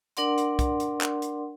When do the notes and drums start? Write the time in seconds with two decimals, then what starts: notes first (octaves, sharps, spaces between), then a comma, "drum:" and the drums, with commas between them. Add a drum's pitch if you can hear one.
0.17 D4 A#4 D5 F#5 C6, drum: hi-hat
0.38 drum: hi-hat
0.59 drum: kick, hi-hat
0.80 drum: hi-hat
1.01 drum: clap
1.22 drum: hi-hat